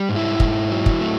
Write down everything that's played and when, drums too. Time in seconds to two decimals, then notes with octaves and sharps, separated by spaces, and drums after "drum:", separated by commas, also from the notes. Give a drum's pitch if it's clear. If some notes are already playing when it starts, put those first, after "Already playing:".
Already playing: G3
0.09 G#2
0.16 E4
0.40 G#2, drum: kick
0.71 F#3
0.86 drum: kick
1.01 A3